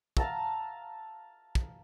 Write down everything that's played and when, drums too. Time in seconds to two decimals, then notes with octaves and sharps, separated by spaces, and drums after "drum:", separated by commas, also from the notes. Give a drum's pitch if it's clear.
0.17 F5 A5 A#5 E6, drum: kick
1.55 drum: kick